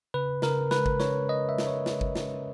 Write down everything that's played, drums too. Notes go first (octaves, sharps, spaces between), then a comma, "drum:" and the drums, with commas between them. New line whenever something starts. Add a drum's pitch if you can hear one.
C#3 B4
C#3 A#4, drum: snare
G#3 B4, drum: snare
drum: kick G#1
C#4 C#5, drum: snare
C#3 D#5
E5
C#3, drum: snare
C#5
G#3 B4, drum: snare
drum: kick G#1
C#4, drum: snare